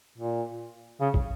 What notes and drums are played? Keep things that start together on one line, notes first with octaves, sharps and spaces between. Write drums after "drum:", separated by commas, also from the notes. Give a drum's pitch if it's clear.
A#2
C#3
drum: kick